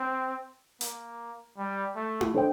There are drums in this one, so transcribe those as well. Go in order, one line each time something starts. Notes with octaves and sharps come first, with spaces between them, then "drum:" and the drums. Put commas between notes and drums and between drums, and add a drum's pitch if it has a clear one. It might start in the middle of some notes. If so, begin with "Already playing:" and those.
Already playing: C4
A#3, drum: hi-hat
G3
A3
drum: tom E4
D4 A4 C5 D#5 G5